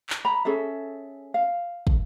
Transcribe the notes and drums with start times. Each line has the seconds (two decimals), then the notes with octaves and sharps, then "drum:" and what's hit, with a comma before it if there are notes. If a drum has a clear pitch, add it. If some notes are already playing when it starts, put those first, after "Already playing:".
0.10 drum: clap
0.25 A#5 B5
0.45 C#4 G#4 A4 E5
1.34 F5
1.87 drum: kick